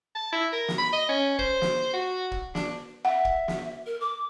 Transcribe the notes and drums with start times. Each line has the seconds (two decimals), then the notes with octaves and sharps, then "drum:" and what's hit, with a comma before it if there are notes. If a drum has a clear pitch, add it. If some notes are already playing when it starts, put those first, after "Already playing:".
0.15 A5
0.33 E4
0.53 A#4
0.68 drum: snare
0.78 B5
0.93 D#5
1.09 C#4
1.39 C5, drum: kick
1.62 drum: snare
1.93 F#4
2.31 drum: kick
2.55 D4, drum: snare
3.05 E5 F#5
3.25 drum: kick
3.48 drum: snare
3.86 A#4
4.01 D6